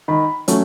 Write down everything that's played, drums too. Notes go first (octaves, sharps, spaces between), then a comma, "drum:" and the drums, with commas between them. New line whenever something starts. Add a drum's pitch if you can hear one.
D#3 B5
F#3 A3 C#4, drum: hi-hat